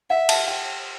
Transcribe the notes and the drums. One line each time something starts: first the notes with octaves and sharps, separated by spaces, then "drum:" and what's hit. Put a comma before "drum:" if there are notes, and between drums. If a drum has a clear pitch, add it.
E5 F#5
A5, drum: cymbal
G5